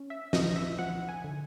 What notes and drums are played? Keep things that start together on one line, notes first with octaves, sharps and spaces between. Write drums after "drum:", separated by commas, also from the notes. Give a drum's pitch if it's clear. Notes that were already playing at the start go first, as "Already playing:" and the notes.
Already playing: C#4
E5
F3 D#5, drum: snare
E5
F3 F#5
G#5
D3